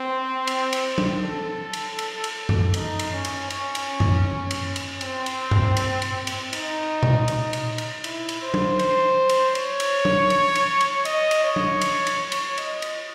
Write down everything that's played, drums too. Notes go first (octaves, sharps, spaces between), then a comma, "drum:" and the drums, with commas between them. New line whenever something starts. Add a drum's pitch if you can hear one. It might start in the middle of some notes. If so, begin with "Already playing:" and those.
Already playing: C4
drum: cymbal
drum: cymbal
drum: tom F#3
A4
drum: cymbal
drum: cymbal
drum: cymbal
drum: tom F#2
D#4, drum: cymbal
drum: cymbal
C#4
drum: cymbal
C#4, drum: cymbal
drum: cymbal
drum: tom F#2
drum: cymbal
drum: cymbal
C4, drum: cymbal
drum: cymbal
drum: tom G2
drum: cymbal
drum: cymbal
drum: cymbal
D#4, drum: cymbal
drum: tom A#2
drum: cymbal
drum: cymbal
drum: cymbal
E4, drum: cymbal
drum: cymbal
C5
drum: tom F#3
C5, drum: cymbal
drum: cymbal
C#5, drum: cymbal
drum: cymbal
drum: tom F#3
drum: cymbal
drum: cymbal
drum: cymbal
D#5, drum: cymbal
drum: cymbal
C#5
drum: tom F#3
drum: cymbal
drum: cymbal
drum: cymbal
D#5, drum: cymbal
drum: cymbal